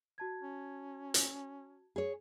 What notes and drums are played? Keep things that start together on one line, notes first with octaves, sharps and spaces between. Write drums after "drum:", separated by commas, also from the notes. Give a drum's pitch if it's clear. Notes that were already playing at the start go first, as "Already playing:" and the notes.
F#4 A5 G#6
C#4
drum: hi-hat
G#4 C#5